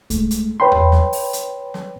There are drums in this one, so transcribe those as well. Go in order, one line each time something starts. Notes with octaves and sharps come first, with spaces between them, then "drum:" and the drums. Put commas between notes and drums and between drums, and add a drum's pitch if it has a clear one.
G#3 A3, drum: kick C2, hi-hat
drum: hi-hat
B4 C#5 G5 B5 C6
drum: tom E2
drum: snare
drum: open hi-hat
drum: hi-hat
drum: snare